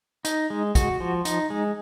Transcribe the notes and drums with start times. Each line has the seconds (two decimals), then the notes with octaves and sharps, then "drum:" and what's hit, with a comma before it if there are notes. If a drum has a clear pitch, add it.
0.25 D#4, drum: hi-hat
0.50 G#3
0.75 F#4, drum: kick, hi-hat
1.00 F3
1.25 D#4, drum: hi-hat
1.50 G#3